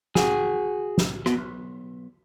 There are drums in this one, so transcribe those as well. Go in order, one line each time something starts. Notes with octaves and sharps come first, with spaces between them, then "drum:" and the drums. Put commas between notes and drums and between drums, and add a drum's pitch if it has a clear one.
F#4 G#4, drum: snare
drum: snare
B2, drum: rim click
B1